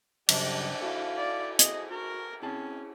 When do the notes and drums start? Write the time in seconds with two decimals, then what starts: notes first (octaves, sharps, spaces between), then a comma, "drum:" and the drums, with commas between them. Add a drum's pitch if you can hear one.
0.29 G2 C#3 F#3 D4 G4, drum: cymbal
0.81 E4 F#4 A4 F5
1.17 D5
1.59 G#4 D#5, drum: hi-hat
1.90 F#4 A#4
2.43 C4 C#4 E4 G#4 A5